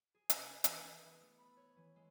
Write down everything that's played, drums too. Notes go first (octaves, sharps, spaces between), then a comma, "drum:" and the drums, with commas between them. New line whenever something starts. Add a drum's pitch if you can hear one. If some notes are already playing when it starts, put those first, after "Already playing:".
G#4
C3, drum: hi-hat
B4
E3, drum: hi-hat
E6
D#6
B3
A3
B5
C#5
E3
G#3